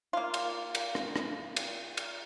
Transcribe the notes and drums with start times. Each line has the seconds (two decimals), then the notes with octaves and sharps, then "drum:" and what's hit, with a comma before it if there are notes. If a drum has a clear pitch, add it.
0.13 A#3 F4
0.34 drum: cymbal
0.75 drum: cymbal
0.95 drum: rim click
1.16 drum: rim click
1.56 drum: cymbal
1.97 drum: cymbal